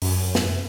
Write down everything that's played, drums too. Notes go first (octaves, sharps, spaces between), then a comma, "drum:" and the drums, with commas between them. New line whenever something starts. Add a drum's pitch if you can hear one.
F#2, drum: open hi-hat
drum: snare